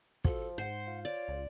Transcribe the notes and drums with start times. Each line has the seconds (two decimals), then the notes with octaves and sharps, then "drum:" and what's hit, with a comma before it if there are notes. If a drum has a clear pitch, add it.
0.25 F3 F#4 A4, drum: kick
0.58 G#2 C5 F#5
0.87 F4
1.05 C#5 D5
1.28 C#2